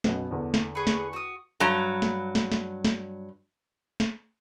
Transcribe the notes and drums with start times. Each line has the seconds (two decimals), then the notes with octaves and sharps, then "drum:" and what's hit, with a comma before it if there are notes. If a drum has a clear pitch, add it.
0.04 B1 F#2 B2 B3, drum: snare
0.31 E2 D3
0.54 drum: snare
0.75 G#4 B4 C#6
0.87 drum: snare
1.13 F#4 D#6
1.60 G2 F#3 A#5
2.02 drum: snare
2.35 drum: snare
2.52 drum: snare
2.85 drum: snare
4.00 drum: snare